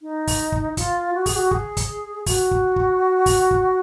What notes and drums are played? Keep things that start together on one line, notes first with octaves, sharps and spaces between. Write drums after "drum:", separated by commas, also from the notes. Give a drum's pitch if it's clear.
D#4
drum: kick, open hi-hat
drum: kick
F4, drum: kick, hi-hat
F#4
G#4, drum: kick, open hi-hat
F#4
G#4, drum: kick
drum: kick, hi-hat
F#4, drum: kick, open hi-hat
drum: kick
drum: kick
drum: kick, open hi-hat
drum: kick